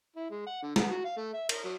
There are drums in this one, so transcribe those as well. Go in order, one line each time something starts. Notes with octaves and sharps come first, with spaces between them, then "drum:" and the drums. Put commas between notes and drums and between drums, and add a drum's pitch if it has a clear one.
E4
G#3
F#5
D3
B3, drum: snare
F#4
F5
A3
E5
A#4, drum: cymbal
F#3